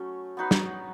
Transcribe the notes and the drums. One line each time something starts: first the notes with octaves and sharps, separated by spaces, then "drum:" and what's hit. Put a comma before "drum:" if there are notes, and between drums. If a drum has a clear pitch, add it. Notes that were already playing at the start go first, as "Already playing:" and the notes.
Already playing: F#3 A3 C#4
B3 D#4 F#4 B4
drum: snare